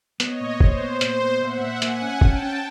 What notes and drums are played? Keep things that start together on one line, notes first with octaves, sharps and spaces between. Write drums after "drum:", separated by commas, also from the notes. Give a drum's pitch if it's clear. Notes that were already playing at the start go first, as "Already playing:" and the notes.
B3 C#5 D#5, drum: hi-hat
A#2
A#2 C5, drum: kick
B3
A#2, drum: hi-hat
B3
A#2 E5 F#5
A#2
A#3 F#5 G#5, drum: hi-hat
C#4
C#4 G5 A5, drum: kick
C#4